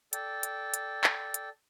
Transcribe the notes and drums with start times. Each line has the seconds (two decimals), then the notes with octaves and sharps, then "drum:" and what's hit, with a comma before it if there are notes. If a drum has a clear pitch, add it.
0.13 A4 D5 G5, drum: hi-hat
0.43 drum: hi-hat
0.74 drum: hi-hat
1.04 drum: clap
1.34 drum: hi-hat